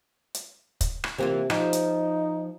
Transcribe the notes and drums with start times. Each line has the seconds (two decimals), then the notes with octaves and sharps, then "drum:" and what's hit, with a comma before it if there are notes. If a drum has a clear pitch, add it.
0.35 drum: hi-hat
0.81 drum: kick, hi-hat
1.04 drum: rim click
1.18 C3 E3 A#3 F4
1.50 F3 D#4 G4, drum: rim click
1.73 drum: hi-hat